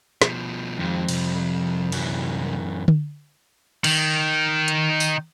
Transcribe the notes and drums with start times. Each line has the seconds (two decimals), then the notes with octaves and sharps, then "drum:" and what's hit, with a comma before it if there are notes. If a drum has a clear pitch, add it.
0.22 B2 F3, drum: snare
0.79 F2 D#3 G#3
1.09 C2, drum: cymbal
1.92 F#2 E3, drum: cymbal
2.88 drum: tom D3
3.84 D#3, drum: cymbal
4.68 drum: hi-hat
5.00 drum: tambourine